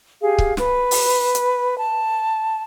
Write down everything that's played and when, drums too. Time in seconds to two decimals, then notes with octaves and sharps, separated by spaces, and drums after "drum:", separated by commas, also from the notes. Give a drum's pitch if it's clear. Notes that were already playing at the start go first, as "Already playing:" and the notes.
0.22 G4 G#4 F5
0.38 drum: kick C#1
0.57 B4, drum: snare
0.91 drum: open hi-hat
1.35 drum: hi-hat
1.78 A5